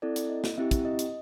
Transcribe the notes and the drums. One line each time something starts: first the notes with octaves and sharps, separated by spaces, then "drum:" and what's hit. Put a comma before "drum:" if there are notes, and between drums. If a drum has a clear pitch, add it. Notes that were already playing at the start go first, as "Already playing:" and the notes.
C4 E4 A4 D5
drum: hi-hat
D#5
drum: snare
C4 E4 G4 E5
drum: kick, hi-hat
D#5
drum: hi-hat